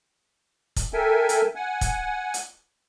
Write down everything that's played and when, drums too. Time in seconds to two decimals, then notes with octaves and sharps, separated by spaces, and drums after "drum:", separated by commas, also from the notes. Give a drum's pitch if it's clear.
0.76 drum: kick, hi-hat
0.93 A4 A#4 E5 G5 G#5
1.29 drum: hi-hat
1.55 F#5 G#5
1.81 drum: kick, hi-hat
2.34 drum: hi-hat